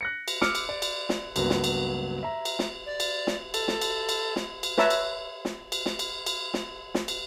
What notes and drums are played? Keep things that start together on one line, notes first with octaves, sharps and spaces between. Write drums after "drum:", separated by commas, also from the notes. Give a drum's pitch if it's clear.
F#6 A#6 C#7
drum: cymbal
D6 E6 F6 C#7, drum: snare
drum: cymbal
D5
drum: cymbal
drum: snare
C#2 G2 F#3 A#3 B3, drum: cymbal
drum: snare
drum: cymbal
E5 A#5
drum: cymbal
drum: snare
D5
drum: cymbal
drum: snare
A4, drum: cymbal
drum: snare
drum: cymbal
drum: cymbal
drum: snare
drum: cymbal
B4 C#5 E5 A5 A#5 E6, drum: snare
drum: cymbal
drum: snare
drum: cymbal
drum: snare
drum: cymbal
drum: cymbal
drum: snare
drum: snare
drum: cymbal